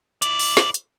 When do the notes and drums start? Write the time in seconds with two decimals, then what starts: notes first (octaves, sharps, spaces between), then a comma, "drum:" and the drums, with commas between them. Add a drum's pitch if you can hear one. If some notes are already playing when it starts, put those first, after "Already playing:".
0.22 E4 D5, drum: hi-hat
0.39 drum: open hi-hat
0.57 drum: snare
0.74 drum: hi-hat